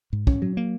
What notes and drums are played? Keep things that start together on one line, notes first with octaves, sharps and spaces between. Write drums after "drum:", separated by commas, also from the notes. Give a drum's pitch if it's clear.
G#2
C#4, drum: kick
F#3
A#3